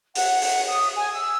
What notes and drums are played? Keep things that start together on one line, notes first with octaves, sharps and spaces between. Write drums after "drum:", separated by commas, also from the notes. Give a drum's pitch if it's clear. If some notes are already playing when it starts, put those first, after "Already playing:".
F#5, drum: open hi-hat
F#5, drum: open hi-hat
D#6
G#5
E6